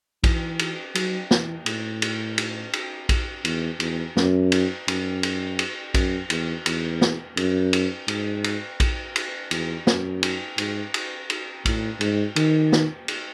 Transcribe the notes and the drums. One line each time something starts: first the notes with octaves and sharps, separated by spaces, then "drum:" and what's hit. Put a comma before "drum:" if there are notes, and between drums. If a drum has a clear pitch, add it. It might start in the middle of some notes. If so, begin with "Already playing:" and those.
E3, drum: kick A#1, cymbal
drum: cymbal
F#3, drum: cymbal
E3, drum: snare
A2, drum: cymbal
drum: cymbal
drum: cymbal
drum: cymbal
drum: kick A#1, cymbal
E2, drum: cymbal
E2, drum: cymbal
F#2, drum: snare
drum: cymbal
F#2, drum: cymbal
drum: cymbal
drum: cymbal
F#2, drum: kick A#1, cymbal
E2, drum: cymbal
E2, drum: cymbal
drum: snare
F#2, drum: cymbal
drum: cymbal
G#2, drum: cymbal
drum: cymbal
drum: kick A#1, cymbal
drum: cymbal
E2, drum: cymbal
F#2, drum: snare
drum: cymbal
G#2, drum: cymbal
drum: cymbal
drum: cymbal
A2, drum: kick A#1, cymbal
G#2, drum: cymbal
D#3, drum: cymbal
drum: snare
drum: cymbal